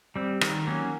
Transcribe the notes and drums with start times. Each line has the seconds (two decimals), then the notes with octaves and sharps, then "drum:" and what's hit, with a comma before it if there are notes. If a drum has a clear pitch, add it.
0.16 G3 C4
0.41 D#3, drum: rim click
0.67 F#3 A#3 C#4